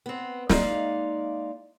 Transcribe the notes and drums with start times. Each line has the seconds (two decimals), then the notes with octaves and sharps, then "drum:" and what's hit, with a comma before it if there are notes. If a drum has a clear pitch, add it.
0.06 B3 C4
0.49 G#3 A#3 D#4 D5 F5, drum: snare